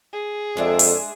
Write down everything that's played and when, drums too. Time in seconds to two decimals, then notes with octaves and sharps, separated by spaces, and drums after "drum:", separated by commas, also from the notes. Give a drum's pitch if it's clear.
0.13 G#4
0.57 F2 G#3 D4 A4 E5
0.79 drum: open hi-hat